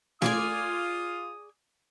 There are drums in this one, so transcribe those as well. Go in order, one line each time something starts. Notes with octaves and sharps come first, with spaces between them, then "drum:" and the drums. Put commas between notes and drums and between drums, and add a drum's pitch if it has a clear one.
F4 G#4 D5 G#5 D#6, drum: snare